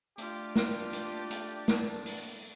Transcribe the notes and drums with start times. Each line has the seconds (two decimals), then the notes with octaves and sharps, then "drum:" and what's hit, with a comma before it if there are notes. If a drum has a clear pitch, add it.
0.18 A3 D4 F4 G4 D6, drum: hi-hat
0.56 drum: snare
0.93 drum: hi-hat
1.31 drum: hi-hat
1.68 drum: snare
2.05 drum: open hi-hat